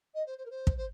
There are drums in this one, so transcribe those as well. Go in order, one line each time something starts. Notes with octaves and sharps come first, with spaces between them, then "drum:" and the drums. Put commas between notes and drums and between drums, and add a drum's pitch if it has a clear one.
D#5
C5
C5
A#4
C5
drum: kick
C5